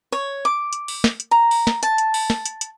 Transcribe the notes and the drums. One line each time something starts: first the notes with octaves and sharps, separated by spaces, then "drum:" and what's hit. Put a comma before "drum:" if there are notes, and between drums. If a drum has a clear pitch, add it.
C#5
D6
drum: hi-hat
drum: open hi-hat
drum: snare
drum: hi-hat
A#5
drum: open hi-hat
drum: snare
A5, drum: hi-hat
drum: hi-hat
drum: open hi-hat
drum: snare
drum: hi-hat
drum: hi-hat